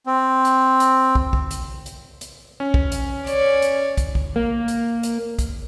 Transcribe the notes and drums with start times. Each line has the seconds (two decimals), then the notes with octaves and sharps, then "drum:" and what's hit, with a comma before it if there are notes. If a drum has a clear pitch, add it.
0.06 C4
0.45 drum: hi-hat
0.80 drum: hi-hat
1.15 drum: kick
1.33 drum: kick
1.51 drum: hi-hat
1.86 drum: hi-hat
2.21 drum: hi-hat
2.60 C#4
2.74 drum: kick
2.92 drum: hi-hat
3.27 C#5 D5, drum: hi-hat
3.62 drum: hi-hat
3.97 drum: kick, hi-hat
4.15 drum: kick
4.36 A#3
4.68 drum: hi-hat
5.03 drum: hi-hat
5.39 drum: kick, hi-hat